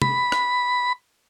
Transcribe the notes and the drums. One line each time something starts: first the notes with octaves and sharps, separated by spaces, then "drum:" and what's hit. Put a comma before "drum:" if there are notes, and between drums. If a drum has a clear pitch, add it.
B5, drum: tom
drum: rim click